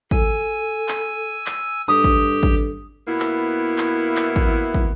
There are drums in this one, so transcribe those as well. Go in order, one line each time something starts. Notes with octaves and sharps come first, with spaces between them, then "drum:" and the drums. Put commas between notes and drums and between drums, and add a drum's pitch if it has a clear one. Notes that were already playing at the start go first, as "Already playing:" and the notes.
A4 G#5 E6, drum: kick
drum: clap
drum: clap
G2 G4 A4 D#6
drum: kick
drum: kick
B2 A#3 B3 E4
drum: clap
drum: clap
drum: clap
drum: kick
drum: kick